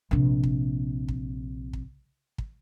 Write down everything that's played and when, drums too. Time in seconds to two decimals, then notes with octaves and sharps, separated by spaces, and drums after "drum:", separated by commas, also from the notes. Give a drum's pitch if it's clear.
0.11 A#1 C3
0.44 drum: kick
1.08 drum: kick
1.73 drum: kick
2.38 drum: kick